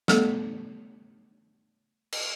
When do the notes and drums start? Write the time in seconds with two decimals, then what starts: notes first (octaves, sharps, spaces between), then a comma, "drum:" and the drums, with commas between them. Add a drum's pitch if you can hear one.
0.08 G3 A3 B3 A4, drum: snare
2.12 drum: cymbal